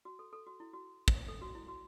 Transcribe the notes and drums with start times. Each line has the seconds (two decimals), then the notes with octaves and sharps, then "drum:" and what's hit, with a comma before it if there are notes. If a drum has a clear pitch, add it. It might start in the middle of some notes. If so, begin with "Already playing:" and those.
0.05 F#4
0.19 A4
0.33 A4
0.47 F#4
0.60 E4
0.73 F#4
1.08 drum: kick
1.28 A4
1.42 F#4
1.55 E4
1.68 F#4